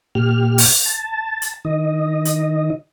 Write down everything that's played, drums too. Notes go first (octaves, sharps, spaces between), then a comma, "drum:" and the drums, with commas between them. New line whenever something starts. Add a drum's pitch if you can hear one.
A#2 G4 F6
drum: open hi-hat
A5
drum: hi-hat
D#3 D#5
drum: hi-hat